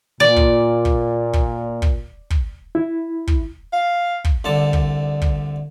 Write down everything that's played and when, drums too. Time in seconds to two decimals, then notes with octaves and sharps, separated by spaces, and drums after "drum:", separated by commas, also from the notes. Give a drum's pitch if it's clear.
0.20 A#2 D5
0.36 drum: kick
0.85 drum: kick
1.33 drum: kick
1.82 drum: kick
2.30 drum: kick
2.75 E4
3.27 drum: kick
3.73 F5
4.24 drum: kick
4.44 C2 D3 A5
4.73 drum: kick
5.22 drum: kick